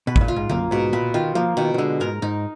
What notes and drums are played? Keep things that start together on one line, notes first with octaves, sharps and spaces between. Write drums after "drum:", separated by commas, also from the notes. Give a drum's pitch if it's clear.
B2 B4
G#2, drum: kick
A#2
F4
G#2
F#2 A#3, drum: tom D3
G#2 B2
A#2 B4
D#3 F4
F3 A#3
B2 D#3
D#3
D3 G#3
G#2 A#4
G#2 D#4